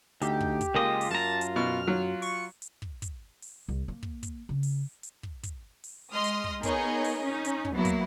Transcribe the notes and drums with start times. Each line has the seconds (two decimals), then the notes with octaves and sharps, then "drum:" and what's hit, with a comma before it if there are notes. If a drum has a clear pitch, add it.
0.22 D2 D#4 G4, drum: hi-hat
0.41 drum: kick
0.61 drum: kick, hi-hat
0.75 C#2 G#3 A#3 F4 D#5
1.01 drum: open hi-hat
1.11 F#2 A5 A#5
1.41 drum: hi-hat
1.56 B2 F6
1.87 F#3 F4
2.22 C#6, drum: open hi-hat
2.62 drum: hi-hat
2.82 drum: kick
3.02 drum: kick, hi-hat
3.42 drum: open hi-hat
3.68 C2
3.88 A#3
4.03 drum: kick
4.23 drum: kick, hi-hat
4.49 C#3
4.63 drum: open hi-hat
5.03 drum: hi-hat
5.23 drum: kick
5.43 drum: kick, hi-hat
5.84 drum: open hi-hat
6.13 G#3 D#5 C6 D#6 F6
6.24 drum: hi-hat
6.44 drum: kick
6.63 B3 D#4 G#4 A#4 C#5 D#5, drum: kick, hi-hat
7.04 drum: open hi-hat
7.24 C#4 D#4
7.45 drum: hi-hat
7.65 drum: kick
7.74 F#3 A#3 B3 E4
7.85 drum: kick, hi-hat